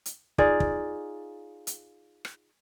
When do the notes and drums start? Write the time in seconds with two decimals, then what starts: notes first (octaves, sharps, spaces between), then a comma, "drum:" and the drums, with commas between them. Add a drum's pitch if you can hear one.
0.06 drum: hi-hat
0.38 D#4 F4 G#4 D5, drum: kick
0.60 drum: kick
1.67 drum: hi-hat
2.25 drum: rim click